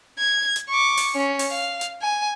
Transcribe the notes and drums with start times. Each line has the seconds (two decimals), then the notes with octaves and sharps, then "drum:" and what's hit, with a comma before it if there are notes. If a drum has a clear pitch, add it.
0.18 G#6
0.56 drum: hi-hat
0.69 C#6 D6
0.97 drum: open hi-hat
1.15 C#4
1.39 drum: open hi-hat
1.51 F5
1.81 drum: hi-hat
2.02 G#5